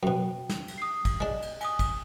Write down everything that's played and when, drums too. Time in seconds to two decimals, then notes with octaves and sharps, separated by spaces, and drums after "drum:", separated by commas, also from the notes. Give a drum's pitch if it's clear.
0.03 F#2 B2 G5
0.49 drum: snare
0.68 drum: cymbal
0.78 D#6 C7
1.05 drum: kick, cymbal
1.20 G#3 D4 D#5
1.42 drum: cymbal
1.61 G#5 D#6, drum: cymbal
1.79 drum: kick, cymbal